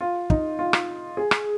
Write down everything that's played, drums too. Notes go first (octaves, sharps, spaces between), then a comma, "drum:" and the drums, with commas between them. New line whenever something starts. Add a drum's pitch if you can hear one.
F4
D#4, drum: kick
F4
drum: rim click
G#4
drum: rim click